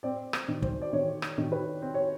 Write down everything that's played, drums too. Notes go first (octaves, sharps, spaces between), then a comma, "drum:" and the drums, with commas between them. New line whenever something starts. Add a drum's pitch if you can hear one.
C4 D5
drum: rim click
D#3
C5, drum: kick
D5
D#3 C#5
drum: rim click
D#3
B4
C4 C5
C#5